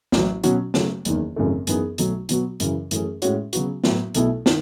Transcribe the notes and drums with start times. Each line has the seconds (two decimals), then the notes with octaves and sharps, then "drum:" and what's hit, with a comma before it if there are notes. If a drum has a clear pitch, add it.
0.12 A1 A2 F#3, drum: snare
0.44 B2 F#3 C#4 F#4, drum: hi-hat
0.74 C#3 F#3 A3, drum: snare
1.05 F#1 E2 D#3, drum: hi-hat
1.36 G#1 F#2 C#3 E3 A3
1.67 F#2 E3 B3 D#4 G#4, drum: hi-hat
1.98 B1 B2 F#3 A3, drum: hi-hat
2.29 B2 F#3 B3 F#4, drum: hi-hat
2.60 F#2 C#3 E3, drum: hi-hat
2.91 F#2 E3 A3 C#4 G#4, drum: hi-hat
3.22 A2 G#3 C#4 F#4 C#5, drum: hi-hat
3.53 C#3 F#3 B3 F#4, drum: hi-hat
3.84 A2 F#3 B3 E4, drum: snare
4.15 B1 B2 A3 E4 A4, drum: hi-hat
4.46 D#3, drum: snare